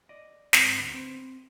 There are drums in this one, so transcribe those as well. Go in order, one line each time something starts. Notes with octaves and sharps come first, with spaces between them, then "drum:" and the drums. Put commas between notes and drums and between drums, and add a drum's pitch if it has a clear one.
D5 D#5
G#2 C4, drum: snare
D2 B3 D4 B5
C4